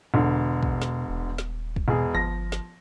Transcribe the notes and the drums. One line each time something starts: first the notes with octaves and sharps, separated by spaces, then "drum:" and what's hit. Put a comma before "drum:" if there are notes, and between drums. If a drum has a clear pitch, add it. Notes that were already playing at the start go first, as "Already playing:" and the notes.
E1 B2 D3
drum: kick
drum: snare
D#1
drum: snare
drum: kick
E1 B2 G#4
G1 F3 A#6
drum: snare